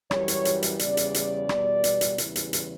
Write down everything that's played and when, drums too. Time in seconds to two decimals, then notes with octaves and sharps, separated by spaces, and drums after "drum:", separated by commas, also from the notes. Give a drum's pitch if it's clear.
0.11 F#2 E3 G3 C#5, drum: rim click
0.28 drum: hi-hat
0.45 drum: hi-hat
0.63 drum: hi-hat
0.79 E2 C#3 G3 D5, drum: hi-hat
0.97 drum: hi-hat
1.14 drum: hi-hat
1.49 E2 B2 G3, drum: rim click
1.84 drum: hi-hat
2.01 drum: hi-hat
2.18 E2 C#3 E3 G3, drum: hi-hat
2.36 drum: hi-hat
2.53 drum: hi-hat